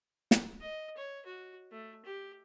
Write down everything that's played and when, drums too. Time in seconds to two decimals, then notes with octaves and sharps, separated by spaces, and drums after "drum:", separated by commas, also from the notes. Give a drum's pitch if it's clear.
0.31 drum: snare
0.61 D#5
0.97 C#5
1.26 F#4
1.72 A3
2.05 G4